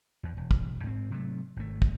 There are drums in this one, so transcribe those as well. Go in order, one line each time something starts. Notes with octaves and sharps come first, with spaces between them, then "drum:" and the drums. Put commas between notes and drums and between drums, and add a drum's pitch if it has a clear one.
E2
E1
drum: kick
G#2 C4
C3 F#3 A3
G#1 A3
drum: kick